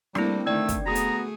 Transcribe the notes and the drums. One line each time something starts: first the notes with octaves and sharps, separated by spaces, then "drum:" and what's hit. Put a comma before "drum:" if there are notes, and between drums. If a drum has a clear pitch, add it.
G3 A3 A#3 C4 D4 E4, drum: rim click
D3 D#3 A3 D5 G5 E6 G#6
drum: kick, hi-hat
A3 B3 F#4 G#4 A#5 D#6
drum: hi-hat